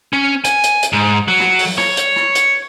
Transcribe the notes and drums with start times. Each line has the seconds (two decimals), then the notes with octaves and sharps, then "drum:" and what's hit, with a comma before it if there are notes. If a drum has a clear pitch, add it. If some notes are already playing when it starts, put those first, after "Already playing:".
0.13 C#4
0.44 G#5, drum: hi-hat
0.63 drum: hi-hat
0.83 drum: hi-hat
0.93 G#2
1.28 F#3
1.40 drum: rim click
1.59 drum: open hi-hat
1.78 C#5, drum: rim click
1.97 drum: hi-hat
2.16 drum: rim click
2.35 drum: hi-hat